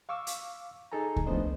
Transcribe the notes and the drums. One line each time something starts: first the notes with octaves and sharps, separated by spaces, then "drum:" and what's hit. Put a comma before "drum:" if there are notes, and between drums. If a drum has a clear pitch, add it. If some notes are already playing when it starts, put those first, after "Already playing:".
F5 C#6 D6 E6
drum: hi-hat
D#4 G#4 A4 G#5 A#5
drum: kick C#2
F3 A3 B3 D4 C5 D#5